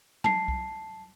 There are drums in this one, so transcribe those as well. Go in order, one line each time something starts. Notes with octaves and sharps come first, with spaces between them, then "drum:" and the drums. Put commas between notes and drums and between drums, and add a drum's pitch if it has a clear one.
A5 C7, drum: tom F#3
drum: kick C2